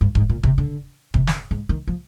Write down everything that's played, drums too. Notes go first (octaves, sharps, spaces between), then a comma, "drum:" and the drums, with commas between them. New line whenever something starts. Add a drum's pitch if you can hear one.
G2
G#2, drum: kick E1
A#2
C3, drum: kick E1
D3
C3, drum: kick E1
drum: snare
G#2
D#3
F3